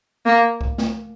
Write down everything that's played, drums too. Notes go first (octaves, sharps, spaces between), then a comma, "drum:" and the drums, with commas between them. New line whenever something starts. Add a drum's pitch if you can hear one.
A#3
drum: kick C2
drum: snare